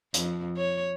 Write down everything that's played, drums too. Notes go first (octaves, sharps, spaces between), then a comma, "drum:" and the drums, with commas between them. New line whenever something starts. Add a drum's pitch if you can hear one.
F2, drum: hi-hat
C#5